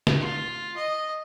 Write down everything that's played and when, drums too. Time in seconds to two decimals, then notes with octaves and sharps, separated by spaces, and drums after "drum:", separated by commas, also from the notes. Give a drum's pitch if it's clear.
0.07 drum: snare
0.19 F4
0.77 D#5